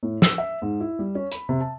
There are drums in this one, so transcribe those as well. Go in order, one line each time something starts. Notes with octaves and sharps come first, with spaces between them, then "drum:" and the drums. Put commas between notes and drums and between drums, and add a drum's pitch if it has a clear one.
A2
E6, drum: snare
E5
G#2
E4
G3
C#4
B5, drum: hi-hat
C3
A5